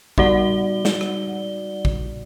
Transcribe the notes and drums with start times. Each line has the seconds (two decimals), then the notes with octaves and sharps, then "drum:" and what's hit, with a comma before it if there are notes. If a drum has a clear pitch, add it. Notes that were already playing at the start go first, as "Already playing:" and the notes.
0.18 G3 D#4 F#4 D5 F#5 G7, drum: kick
0.85 drum: snare
1.01 drum: rim click
1.85 drum: kick